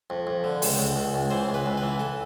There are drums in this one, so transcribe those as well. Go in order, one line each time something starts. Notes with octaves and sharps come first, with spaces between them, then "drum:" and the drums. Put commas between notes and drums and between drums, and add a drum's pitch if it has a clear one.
F2
F2
D3
C#2, drum: open hi-hat
C#2
C#2
C#2
E3 C5
C#2
B4
C#2
B4
E3
A4